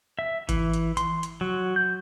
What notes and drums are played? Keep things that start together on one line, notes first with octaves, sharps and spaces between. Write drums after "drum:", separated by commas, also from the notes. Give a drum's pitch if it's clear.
E5
E3, drum: kick G#1, hi-hat
drum: hi-hat
C6, drum: hi-hat
drum: hi-hat
F#3
G6